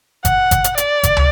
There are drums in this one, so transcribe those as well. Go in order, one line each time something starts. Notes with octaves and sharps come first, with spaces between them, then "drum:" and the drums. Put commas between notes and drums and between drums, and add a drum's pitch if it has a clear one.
F#5, drum: kick G1, hi-hat
drum: kick G1, hi-hat
drum: hi-hat
D5, drum: hi-hat
drum: kick G1, hi-hat
drum: tom